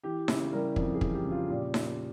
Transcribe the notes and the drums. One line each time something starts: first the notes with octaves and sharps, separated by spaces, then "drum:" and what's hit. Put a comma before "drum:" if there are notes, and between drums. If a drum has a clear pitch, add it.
E3 G4
C#3 E4, drum: snare D#4
G3 A#4
F2, drum: kick
G#4
E3, drum: kick
G4
C#3
F4
A#2 G4
drum: snare D#4